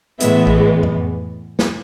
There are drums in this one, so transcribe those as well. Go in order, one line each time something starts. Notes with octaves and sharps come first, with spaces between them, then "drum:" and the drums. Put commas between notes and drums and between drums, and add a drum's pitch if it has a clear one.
A2 E3 G#3 B3 E5, drum: hi-hat
drum: kick
drum: tom
drum: snare